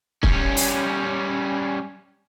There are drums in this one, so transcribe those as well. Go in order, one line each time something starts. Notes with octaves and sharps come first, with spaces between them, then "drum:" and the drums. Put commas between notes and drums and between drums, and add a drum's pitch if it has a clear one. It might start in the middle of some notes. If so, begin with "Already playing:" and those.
G3 C#4, drum: kick
drum: open hi-hat